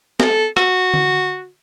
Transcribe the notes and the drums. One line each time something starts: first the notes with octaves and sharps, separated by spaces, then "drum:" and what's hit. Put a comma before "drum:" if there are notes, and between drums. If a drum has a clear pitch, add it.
A#4, drum: snare
A4
F#4, drum: rim click
drum: tom D3